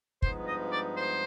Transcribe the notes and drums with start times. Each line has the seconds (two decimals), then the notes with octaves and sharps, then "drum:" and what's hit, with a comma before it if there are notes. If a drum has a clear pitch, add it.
0.22 G2 F3 G#3 B3 D#4 C5, drum: kick
0.47 D#5
0.72 D5
0.97 C5